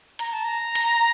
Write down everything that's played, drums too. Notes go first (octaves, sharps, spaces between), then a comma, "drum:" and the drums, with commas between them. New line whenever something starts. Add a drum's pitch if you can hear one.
A#5, drum: hi-hat
A5
A#5
drum: hi-hat